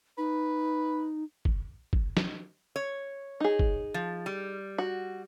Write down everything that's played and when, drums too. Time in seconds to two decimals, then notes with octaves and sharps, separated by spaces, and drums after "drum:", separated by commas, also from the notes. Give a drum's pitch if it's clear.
0.18 D#4 B4
1.45 drum: kick
1.93 drum: kick
2.17 drum: snare
2.76 C#5
3.40 D#4 G#4
3.59 drum: kick
3.94 F3
4.26 G3
4.78 F#4